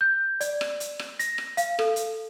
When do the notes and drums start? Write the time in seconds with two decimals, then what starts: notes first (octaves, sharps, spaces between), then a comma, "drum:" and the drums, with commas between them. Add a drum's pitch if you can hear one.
0.01 G6
0.41 D5, drum: hi-hat
0.61 drum: rim click
0.80 drum: hi-hat
0.99 drum: rim click
1.19 A#6, drum: hi-hat
1.38 drum: rim click
1.57 F5, drum: hi-hat
1.79 A4, drum: rim click
1.96 drum: hi-hat